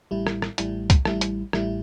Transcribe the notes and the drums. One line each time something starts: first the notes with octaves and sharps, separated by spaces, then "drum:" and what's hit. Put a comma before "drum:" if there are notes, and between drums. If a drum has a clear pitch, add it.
A1 A2 G3 E4
drum: rim click
drum: rim click
A1 A2 G3 E4, drum: hi-hat
drum: kick, hi-hat
A1 A2 G3 E4, drum: rim click
drum: hi-hat
A1 A2 G3 E4, drum: rim click